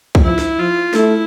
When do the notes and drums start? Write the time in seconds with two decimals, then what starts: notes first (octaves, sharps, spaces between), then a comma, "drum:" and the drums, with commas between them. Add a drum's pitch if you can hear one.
0.15 drum: kick C2
0.24 F3 E4
0.39 drum: snare
0.59 F3 F4
0.94 A3 E4, drum: snare